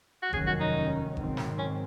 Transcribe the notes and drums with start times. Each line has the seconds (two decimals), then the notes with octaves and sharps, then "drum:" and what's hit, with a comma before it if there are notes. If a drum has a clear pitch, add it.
0.22 F#4
0.33 F1 D#2 D#3 F#3 C#4 G#4, drum: kick E1
0.47 F#4
0.60 D#4
1.17 G#2 D#3 F#3 C4, drum: kick E1
1.37 drum: snare
1.58 C#4